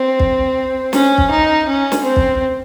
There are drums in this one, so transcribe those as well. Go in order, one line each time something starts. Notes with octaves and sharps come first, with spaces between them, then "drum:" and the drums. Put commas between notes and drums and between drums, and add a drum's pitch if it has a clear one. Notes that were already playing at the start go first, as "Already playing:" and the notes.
Already playing: C4
drum: kick
C#4, drum: snare
drum: kick
D#4
C#4
drum: snare
C4
drum: kick